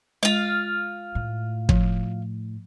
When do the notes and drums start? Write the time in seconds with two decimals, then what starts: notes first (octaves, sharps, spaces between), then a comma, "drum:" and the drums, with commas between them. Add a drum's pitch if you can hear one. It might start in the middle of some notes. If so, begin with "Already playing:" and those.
0.23 G#3 F4 F5
1.15 A2
1.69 F3, drum: kick